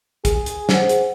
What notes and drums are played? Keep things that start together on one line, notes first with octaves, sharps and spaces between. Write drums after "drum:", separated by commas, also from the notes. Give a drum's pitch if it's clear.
G#4, drum: kick, hi-hat
drum: hi-hat
C5 F#5, drum: snare
drum: hi-hat